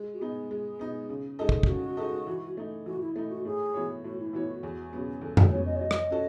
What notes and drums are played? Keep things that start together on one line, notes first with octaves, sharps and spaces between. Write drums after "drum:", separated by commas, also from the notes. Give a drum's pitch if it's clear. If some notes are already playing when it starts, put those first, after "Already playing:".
Already playing: G#3
F#4
B3 D#4 G#4
G#3
B3 D#4
C#3
G#3 D#4 A4 D#5
drum: kick
G#4, drum: kick
C#3 F#4
G#3 D#4 A4 D#5
E3
A3 D#4
E3 F#4
E4
A3 D#4 E4
F#4
A2 G#4
E3 B3 F#4 C#5
A2 F#4
E4
E3 B3 E4 F#4 C#5
F#4
E2
C#3 F#3 B3
E2 A4
A4, drum: tom
C#3 F#3 B3 C#5
D#5
C#5
F#3 D#5
drum: rim click
C#4 F#4 A4